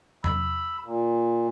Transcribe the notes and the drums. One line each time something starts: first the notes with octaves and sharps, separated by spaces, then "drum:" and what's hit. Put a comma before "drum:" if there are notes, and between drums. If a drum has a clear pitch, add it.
B5 E6, drum: tom E2
A#2